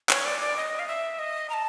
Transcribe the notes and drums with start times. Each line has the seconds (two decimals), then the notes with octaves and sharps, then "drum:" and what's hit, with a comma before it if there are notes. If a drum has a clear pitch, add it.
0.09 C#5, drum: clap
0.25 D5
0.40 D5
0.56 D#5
0.79 F5
0.88 E5
1.19 D#5
1.50 A#5
1.54 A5